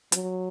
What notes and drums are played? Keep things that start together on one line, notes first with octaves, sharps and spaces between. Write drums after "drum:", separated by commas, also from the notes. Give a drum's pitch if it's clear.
F#3, drum: hi-hat